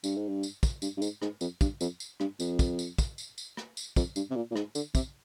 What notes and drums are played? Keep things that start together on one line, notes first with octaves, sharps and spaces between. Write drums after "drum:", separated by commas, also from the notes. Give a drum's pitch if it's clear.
G2, drum: tambourine
G#2
G2
drum: tambourine
drum: kick, tambourine
G2, drum: tambourine
G2
G#2, drum: tambourine
G#2, drum: rim click
F2, drum: tambourine
G2, drum: kick, tambourine
F2, drum: tambourine
drum: tambourine
G2, drum: rim click
F2, drum: tambourine
drum: kick, tambourine
drum: tambourine
drum: kick, tambourine
drum: tambourine
drum: tambourine
drum: rim click
drum: tambourine
F2, drum: kick, tambourine
G2, drum: tambourine
C3
A#2
A#2
G#2, drum: rim click
D3, drum: tambourine
C3, drum: kick, tambourine